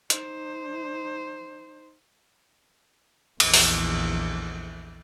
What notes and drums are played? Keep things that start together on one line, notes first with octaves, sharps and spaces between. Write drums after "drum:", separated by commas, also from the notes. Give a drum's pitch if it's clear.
D#4 C5, drum: hi-hat
A#1 E2, drum: cymbal
drum: open hi-hat